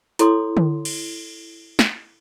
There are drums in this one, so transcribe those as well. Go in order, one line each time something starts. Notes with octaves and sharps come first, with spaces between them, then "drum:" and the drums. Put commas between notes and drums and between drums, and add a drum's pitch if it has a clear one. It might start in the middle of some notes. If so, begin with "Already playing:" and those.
E4 A4 C#5 C6 D6 D#6, drum: hi-hat
drum: tom D3
drum: cymbal
drum: snare